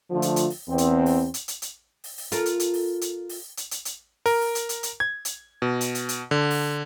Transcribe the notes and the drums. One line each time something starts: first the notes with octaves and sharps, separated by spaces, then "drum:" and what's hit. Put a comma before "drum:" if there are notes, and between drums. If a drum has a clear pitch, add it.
D3 F3 A3 F4
drum: hi-hat
drum: hi-hat
drum: open hi-hat
E2 C4
drum: hi-hat
drum: open hi-hat
drum: hi-hat
drum: hi-hat
drum: hi-hat
drum: open hi-hat
drum: open hi-hat
F4 A4 A#4, drum: hi-hat
drum: hi-hat
drum: hi-hat
drum: open hi-hat
drum: hi-hat
drum: open hi-hat
drum: hi-hat
drum: hi-hat
drum: hi-hat
A#4, drum: open hi-hat
drum: open hi-hat
drum: hi-hat
drum: hi-hat
drum: hi-hat
G#6
drum: hi-hat
B2
drum: hi-hat
drum: hi-hat
drum: hi-hat
D3
drum: open hi-hat